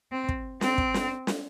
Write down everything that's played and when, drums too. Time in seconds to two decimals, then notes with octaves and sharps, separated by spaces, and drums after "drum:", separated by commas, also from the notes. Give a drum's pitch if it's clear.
0.12 C4
0.29 drum: kick
0.61 C4, drum: snare
0.78 drum: kick
0.94 drum: snare
1.27 drum: snare